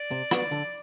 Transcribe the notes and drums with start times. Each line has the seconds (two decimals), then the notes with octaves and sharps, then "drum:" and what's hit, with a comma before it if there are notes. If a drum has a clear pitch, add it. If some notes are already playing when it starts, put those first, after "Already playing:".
Already playing: D5
0.11 C3
0.31 F#3 B3 F#4, drum: rim click
0.51 D3